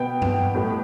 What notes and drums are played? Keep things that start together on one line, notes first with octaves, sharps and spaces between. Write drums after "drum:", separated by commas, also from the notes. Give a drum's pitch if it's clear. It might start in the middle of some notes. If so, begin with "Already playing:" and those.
Already playing: B2 B3 G5
drum: tom G2
A2 G3 B3